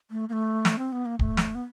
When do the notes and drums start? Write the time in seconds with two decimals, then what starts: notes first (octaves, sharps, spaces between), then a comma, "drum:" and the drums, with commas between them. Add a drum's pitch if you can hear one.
0.11 A3
0.29 A#3
0.33 A3
0.65 drum: snare
0.78 C4
0.92 B3
1.06 A#3
1.19 A3, drum: kick
1.37 drum: snare
1.55 B3